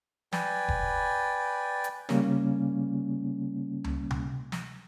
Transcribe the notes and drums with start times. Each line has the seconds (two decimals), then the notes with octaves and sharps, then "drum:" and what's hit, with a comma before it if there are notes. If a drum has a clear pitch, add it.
0.33 B4 D5 G5 G#5, drum: snare
0.68 drum: kick F1
1.84 drum: hi-hat
2.09 C#3 G3 A#3 C#4, drum: snare
3.84 drum: tom C#2
4.11 drum: tom C3
4.52 drum: snare